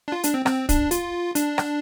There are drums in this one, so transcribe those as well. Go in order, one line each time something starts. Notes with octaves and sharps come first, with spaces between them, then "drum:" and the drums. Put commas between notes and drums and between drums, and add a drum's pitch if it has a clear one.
D4
F4
D4, drum: hi-hat
C4
C4, drum: rim click
D4, drum: kick, hi-hat
F4, drum: hi-hat
D4, drum: hi-hat
drum: rim click